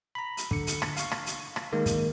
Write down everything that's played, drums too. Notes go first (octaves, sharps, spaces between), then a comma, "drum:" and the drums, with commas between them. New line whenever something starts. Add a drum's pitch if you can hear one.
A#5 B5
drum: hi-hat
D3 C#7, drum: kick
drum: hi-hat
drum: rim click
F5 C#6, drum: hi-hat
drum: rim click
drum: hi-hat
drum: rim click
D#3 G#3 A#3 A#4
drum: kick, hi-hat